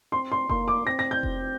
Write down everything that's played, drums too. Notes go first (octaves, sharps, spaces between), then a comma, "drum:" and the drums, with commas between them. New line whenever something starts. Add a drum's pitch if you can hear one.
C4 C6
C6
A#3 C6, drum: kick F1
D6
C4 A#6
A#6
G6
drum: kick F1